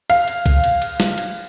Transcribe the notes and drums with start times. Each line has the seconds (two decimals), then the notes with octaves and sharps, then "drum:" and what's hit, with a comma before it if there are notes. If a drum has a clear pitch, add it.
0.10 F5, drum: cymbal
0.28 drum: cymbal
0.46 drum: kick, cymbal
0.64 drum: cymbal
0.82 drum: cymbal
1.00 drum: snare
1.18 drum: cymbal